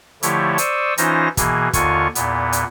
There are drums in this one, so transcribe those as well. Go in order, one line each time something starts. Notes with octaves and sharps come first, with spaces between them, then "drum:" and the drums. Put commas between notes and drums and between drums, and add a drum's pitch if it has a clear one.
D3 F3 A3 E4 G4 C#5, drum: hi-hat
C5 D5 C#6 D#6 E6, drum: hi-hat
E3 C#4 D#4 F4 C5 A#6, drum: hi-hat
B2 E3 A#3 G#4, drum: kick, hi-hat
D#2 D3 F4 G#5 C#6, drum: kick, hi-hat
E2 A#2 B3, drum: hi-hat
drum: hi-hat